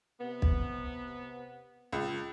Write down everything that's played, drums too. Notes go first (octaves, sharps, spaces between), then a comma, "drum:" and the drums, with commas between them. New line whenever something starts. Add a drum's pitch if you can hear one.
C3 B3
drum: kick
C#2